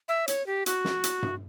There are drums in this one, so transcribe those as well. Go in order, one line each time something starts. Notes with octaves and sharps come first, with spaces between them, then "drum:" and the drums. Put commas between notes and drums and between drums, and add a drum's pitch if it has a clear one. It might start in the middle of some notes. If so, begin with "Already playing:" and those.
E5
C#5, drum: hi-hat
G4
F#4, drum: hi-hat
drum: snare
drum: hi-hat
drum: tom G2